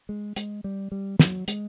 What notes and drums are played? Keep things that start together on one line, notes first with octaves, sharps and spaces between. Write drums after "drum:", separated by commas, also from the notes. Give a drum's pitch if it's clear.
G#3
G#3, drum: hi-hat
G3
G3
F#3, drum: snare
G#3, drum: hi-hat